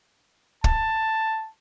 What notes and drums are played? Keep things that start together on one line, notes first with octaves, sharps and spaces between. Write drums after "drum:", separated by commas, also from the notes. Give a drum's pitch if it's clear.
A5, drum: kick